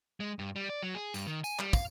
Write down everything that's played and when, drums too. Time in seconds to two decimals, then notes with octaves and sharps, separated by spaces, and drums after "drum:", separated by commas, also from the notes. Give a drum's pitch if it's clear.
0.20 G#3
0.39 G2
0.56 G3
0.70 D5
0.83 F#3
0.95 G#4
1.14 G2, drum: tambourine
1.27 D#3
1.44 G#5, drum: tambourine
1.59 G3, drum: clap
1.73 F5, drum: kick, tambourine